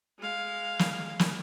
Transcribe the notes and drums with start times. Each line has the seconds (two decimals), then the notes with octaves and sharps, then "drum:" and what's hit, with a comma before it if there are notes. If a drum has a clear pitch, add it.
0.19 G#3 F5
0.79 drum: snare
1.19 drum: snare